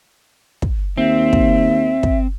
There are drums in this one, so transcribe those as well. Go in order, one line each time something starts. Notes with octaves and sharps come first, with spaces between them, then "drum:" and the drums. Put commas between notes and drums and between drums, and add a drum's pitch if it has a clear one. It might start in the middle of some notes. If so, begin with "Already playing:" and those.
drum: kick
D#2 C4 E5
drum: kick
drum: kick